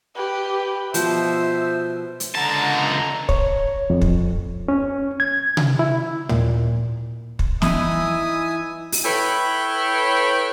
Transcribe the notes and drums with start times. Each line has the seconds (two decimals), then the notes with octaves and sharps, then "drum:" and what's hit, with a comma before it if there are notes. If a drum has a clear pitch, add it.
0.16 G4 B4
0.94 B2 F3 C5 E5, drum: hi-hat
2.20 drum: hi-hat
2.35 C#2 D3 A5 A#5
3.29 C#5, drum: kick
3.90 F2
4.02 drum: kick
4.68 C#4
5.20 G#6
5.57 drum: tom C3
5.79 E4
6.29 A#2, drum: tom
7.39 drum: kick
7.62 E3 D#4 E4 E5 G#5 D#6, drum: snare
8.92 drum: open hi-hat
9.05 E4 A4 B4 C#5 G5